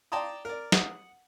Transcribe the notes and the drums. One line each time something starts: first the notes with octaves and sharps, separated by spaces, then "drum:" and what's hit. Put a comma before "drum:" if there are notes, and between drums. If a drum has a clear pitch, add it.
D5 G5 A5 A#5 C6 D#6
A#4 D5
F#5 D#6, drum: snare